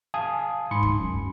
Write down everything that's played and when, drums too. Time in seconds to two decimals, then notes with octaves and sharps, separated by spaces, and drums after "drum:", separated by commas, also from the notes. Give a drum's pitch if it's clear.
0.14 F5 G#5 A5 D#6
0.71 G#2 B5 C6 C#7
0.83 drum: kick
0.99 F#2